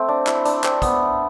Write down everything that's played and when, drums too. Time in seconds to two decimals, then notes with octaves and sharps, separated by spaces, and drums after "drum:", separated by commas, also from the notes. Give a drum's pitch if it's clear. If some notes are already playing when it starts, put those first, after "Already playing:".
Already playing: A3 C4
0.09 D4
0.27 E4, drum: clap
0.45 D4, drum: hi-hat
0.64 C4, drum: clap
0.82 B3, drum: kick, hi-hat